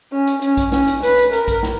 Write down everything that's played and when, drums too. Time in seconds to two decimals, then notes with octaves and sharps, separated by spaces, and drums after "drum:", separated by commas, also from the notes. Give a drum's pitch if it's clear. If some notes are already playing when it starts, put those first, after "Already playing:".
0.13 C#4
0.27 drum: hi-hat
0.42 C#4, drum: hi-hat
0.57 drum: kick A#1, hi-hat
0.72 C#4, drum: snare
0.87 drum: hi-hat
1.03 B4, drum: hi-hat
1.18 drum: hi-hat
1.33 A#4, drum: hi-hat
1.48 drum: kick A#1, hi-hat
1.63 drum: snare